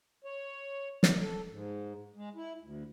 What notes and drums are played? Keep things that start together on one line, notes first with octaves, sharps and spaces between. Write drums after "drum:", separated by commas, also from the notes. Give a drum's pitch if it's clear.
C#5
drum: snare
A4
G#2
G#3
E4
D2